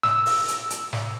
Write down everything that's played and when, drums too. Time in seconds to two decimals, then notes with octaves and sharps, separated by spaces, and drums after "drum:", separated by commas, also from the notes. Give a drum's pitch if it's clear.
0.03 E6, drum: snare
0.26 drum: open hi-hat
0.48 drum: hi-hat
0.70 drum: hi-hat
0.93 drum: snare